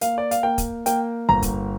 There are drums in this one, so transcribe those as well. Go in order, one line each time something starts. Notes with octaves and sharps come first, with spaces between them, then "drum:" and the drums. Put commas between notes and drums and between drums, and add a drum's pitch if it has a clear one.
A#3 F5, drum: hi-hat
D5
F5, drum: hi-hat
A#3 G5
drum: kick, hi-hat
A#3 G5, drum: hi-hat
G1 A#5
drum: kick, hi-hat